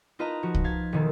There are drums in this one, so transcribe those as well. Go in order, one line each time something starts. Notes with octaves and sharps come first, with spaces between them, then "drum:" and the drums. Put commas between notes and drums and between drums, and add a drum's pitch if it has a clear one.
D#4 F4 B4 D#5 A5 A#5
F3 F#4
drum: kick C2
F5 G#6 A6 B6
E1 D#3 A4